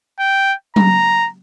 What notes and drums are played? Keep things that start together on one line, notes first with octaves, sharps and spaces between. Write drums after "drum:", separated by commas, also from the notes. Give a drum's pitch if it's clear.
G5
A#5, drum: tom F#3